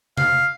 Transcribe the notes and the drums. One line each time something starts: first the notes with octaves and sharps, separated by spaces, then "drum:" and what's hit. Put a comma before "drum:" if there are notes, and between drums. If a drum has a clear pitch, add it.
F5, drum: tom C3